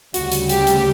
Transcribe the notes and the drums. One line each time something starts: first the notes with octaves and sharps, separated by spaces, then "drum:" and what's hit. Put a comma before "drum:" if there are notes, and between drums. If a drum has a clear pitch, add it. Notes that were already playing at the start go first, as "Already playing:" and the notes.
D2 C#3 G3 F#4, drum: hi-hat
drum: hi-hat
G4, drum: hi-hat
drum: hi-hat